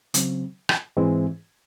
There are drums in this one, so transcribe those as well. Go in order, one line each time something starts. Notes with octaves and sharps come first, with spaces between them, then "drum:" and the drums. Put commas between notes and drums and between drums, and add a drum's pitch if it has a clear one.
C#3 F#3 C4, drum: hi-hat
drum: rim click
G#2 E3 G#3 C4 E4